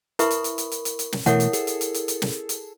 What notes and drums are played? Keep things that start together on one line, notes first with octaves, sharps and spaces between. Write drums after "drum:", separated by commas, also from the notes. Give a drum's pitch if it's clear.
E4 A#4 B4 E5 B5 C#6, drum: hi-hat
drum: hi-hat
drum: hi-hat
drum: hi-hat
drum: hi-hat
drum: hi-hat
drum: hi-hat
drum: snare
B2 E3 A3 E4 A#4 C#5 E5 F#5, drum: hi-hat
drum: hi-hat
G#4 A4, drum: hi-hat
drum: hi-hat
drum: hi-hat
drum: hi-hat
drum: hi-hat
drum: snare
drum: hi-hat